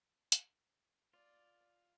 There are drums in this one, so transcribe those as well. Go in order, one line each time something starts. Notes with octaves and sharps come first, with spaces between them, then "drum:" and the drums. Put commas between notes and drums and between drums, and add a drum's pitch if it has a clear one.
drum: hi-hat
F4 D5